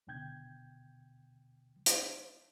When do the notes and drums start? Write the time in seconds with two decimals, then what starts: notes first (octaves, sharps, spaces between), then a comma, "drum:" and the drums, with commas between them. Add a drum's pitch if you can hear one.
0.07 D#2 B2 D3 G5 G6 G#6
1.86 drum: hi-hat